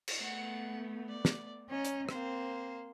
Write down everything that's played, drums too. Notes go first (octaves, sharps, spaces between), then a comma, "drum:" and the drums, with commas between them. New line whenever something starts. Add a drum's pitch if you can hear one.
drum: cymbal
A3 B3 F#5
D5
drum: snare
C#4 D#5 A#5
drum: hi-hat
A#3 C4 C5, drum: rim click